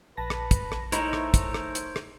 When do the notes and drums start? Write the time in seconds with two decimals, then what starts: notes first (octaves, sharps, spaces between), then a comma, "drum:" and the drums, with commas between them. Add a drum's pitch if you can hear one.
0.17 A#1 B4 A5 A#6
0.30 drum: rim click
0.51 drum: kick, hi-hat
0.72 drum: rim click
0.92 A3 D#4 E4 A#4 C5 C#5, drum: hi-hat
1.13 drum: rim click
1.34 drum: kick, hi-hat
1.54 drum: rim click
1.75 drum: hi-hat
1.96 drum: rim click